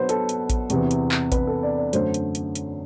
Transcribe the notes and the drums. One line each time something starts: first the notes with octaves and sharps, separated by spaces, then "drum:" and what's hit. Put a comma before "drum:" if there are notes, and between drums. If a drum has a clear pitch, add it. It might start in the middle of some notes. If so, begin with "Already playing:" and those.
Already playing: B2 F#3 B4 C5
A4, drum: hi-hat
drum: hi-hat
drum: kick A1, hi-hat
E2 C3 E3, drum: hi-hat
drum: hi-hat
drum: clap
B4, drum: kick A1, hi-hat
A4
D5
D5
F#2 D3 A3 C5, drum: hi-hat
drum: hi-hat
drum: hi-hat
drum: hi-hat